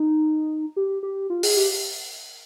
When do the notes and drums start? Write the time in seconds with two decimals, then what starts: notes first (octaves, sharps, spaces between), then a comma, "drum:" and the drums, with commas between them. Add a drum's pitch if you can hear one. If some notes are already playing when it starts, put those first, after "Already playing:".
Already playing: D#4
0.76 G4
1.03 G4
1.30 F4
1.43 G#4, drum: open hi-hat
1.57 G4